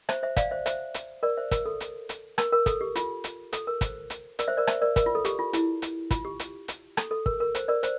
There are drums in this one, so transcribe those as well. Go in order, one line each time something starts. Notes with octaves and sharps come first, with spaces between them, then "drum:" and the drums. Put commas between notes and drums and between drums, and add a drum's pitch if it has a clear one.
C5 E5, drum: rim click
C5 E5
D5 F5, drum: kick, hi-hat
C5 E5
C5 E5, drum: hi-hat
drum: hi-hat
A#4 D5
C5 E5
A#4, drum: kick, hi-hat
A4
drum: hi-hat
drum: hi-hat
A#4, drum: rim click
A#4
A4, drum: kick, hi-hat
G4
F4, drum: hi-hat
drum: hi-hat
A4, drum: hi-hat
A#4
C5, drum: kick, hi-hat
drum: hi-hat
A#4 D5, drum: hi-hat
C5 E5
A#4 D5
C5 E5, drum: rim click
A#4 D5
A#4, drum: kick, hi-hat
F4
A4
G4, drum: hi-hat
F4
E4, drum: hi-hat
drum: hi-hat
F4, drum: kick, hi-hat
G4
drum: hi-hat
drum: hi-hat
A4, drum: rim click
A4
A#4, drum: kick
A#4
C5, drum: hi-hat
A#4 D5
C5, drum: hi-hat